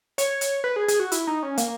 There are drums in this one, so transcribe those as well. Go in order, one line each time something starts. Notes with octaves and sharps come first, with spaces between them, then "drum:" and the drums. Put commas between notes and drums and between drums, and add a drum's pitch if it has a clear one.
C#5, drum: hi-hat
drum: hi-hat
B4
G#4
G#4, drum: hi-hat
F#4
E4, drum: hi-hat
D#4
C#4
A#3, drum: hi-hat